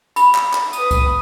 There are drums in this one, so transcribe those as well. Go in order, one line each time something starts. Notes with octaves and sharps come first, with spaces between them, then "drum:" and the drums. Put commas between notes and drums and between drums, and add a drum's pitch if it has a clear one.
B5, drum: tambourine
drum: clap
drum: clap
B4 D#6, drum: tambourine
drum: kick C2, tambourine